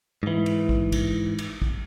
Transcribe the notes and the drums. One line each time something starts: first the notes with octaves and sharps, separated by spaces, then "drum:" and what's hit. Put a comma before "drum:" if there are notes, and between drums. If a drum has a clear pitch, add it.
G#2 E3
drum: cymbal
drum: kick
drum: kick, cymbal
drum: cymbal
drum: kick